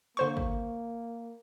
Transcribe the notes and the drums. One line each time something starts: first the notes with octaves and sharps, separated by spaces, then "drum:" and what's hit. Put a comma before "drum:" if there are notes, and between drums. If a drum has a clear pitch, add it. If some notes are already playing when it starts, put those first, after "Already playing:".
D3 A#3 C5 C#6
drum: kick